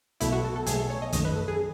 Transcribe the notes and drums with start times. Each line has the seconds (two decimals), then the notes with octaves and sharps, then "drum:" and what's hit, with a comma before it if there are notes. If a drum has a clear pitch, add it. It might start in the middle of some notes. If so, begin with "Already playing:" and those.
0.20 B1 B2 A3 E4, drum: hi-hat
0.32 F#4
0.44 A4
0.56 A4
0.66 B1 B2 A3 G#4, drum: hi-hat
0.79 A4
0.90 C#5
1.02 D#5
1.12 F#2 D#3 A3 D#5, drum: kick, hi-hat
1.25 B4
1.36 A4
1.48 G#4